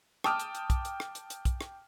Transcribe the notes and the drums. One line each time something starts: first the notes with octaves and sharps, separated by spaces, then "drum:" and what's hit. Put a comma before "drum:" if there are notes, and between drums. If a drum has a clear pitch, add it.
G5 A5 D6 D#6 F6, drum: rim click
drum: hi-hat
drum: hi-hat
drum: kick, hi-hat
drum: hi-hat
drum: rim click
drum: hi-hat
drum: hi-hat
drum: kick, hi-hat
drum: rim click